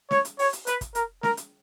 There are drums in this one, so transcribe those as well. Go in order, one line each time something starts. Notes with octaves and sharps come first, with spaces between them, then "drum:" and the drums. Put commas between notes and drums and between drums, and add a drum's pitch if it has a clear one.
C#5, drum: snare
drum: hi-hat
C#5, drum: open hi-hat
drum: hi-hat
B4, drum: hi-hat
drum: kick, hi-hat
A#4, drum: hi-hat
A#4, drum: snare
drum: hi-hat